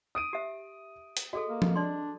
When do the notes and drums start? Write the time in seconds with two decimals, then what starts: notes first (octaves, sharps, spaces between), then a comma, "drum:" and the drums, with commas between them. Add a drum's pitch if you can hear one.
0.15 D#6 D7 D#7
0.33 G4 E5
1.17 drum: hi-hat
1.33 F#4 G#4 A4 D#5
1.49 A#3
1.62 drum: tom F3
1.76 D4 D5 C6